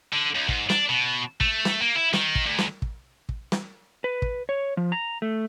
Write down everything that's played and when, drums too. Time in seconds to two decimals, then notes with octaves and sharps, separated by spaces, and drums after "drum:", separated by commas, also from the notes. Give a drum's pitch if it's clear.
0.13 D3
0.35 C#2
0.49 G#2, drum: kick
0.70 D4, drum: snare
0.90 B2
1.40 A3, drum: kick
1.65 drum: snare
1.81 A#3
1.95 E4
2.13 D#3, drum: snare
2.35 drum: kick
2.46 D2
2.59 drum: snare
2.82 drum: kick
3.29 drum: kick
3.52 drum: snare
4.04 B4
4.22 drum: kick
4.49 C#5
4.77 F3
4.92 A#5
5.22 A3